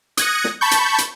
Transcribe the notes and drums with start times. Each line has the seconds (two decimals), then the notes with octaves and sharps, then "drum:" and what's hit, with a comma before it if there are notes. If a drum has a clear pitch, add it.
0.17 D#6 F#6 G#6 A#6 C#7, drum: hi-hat
0.44 drum: snare
0.61 A5 B5 C#6 G6
0.71 drum: hi-hat
0.98 drum: hi-hat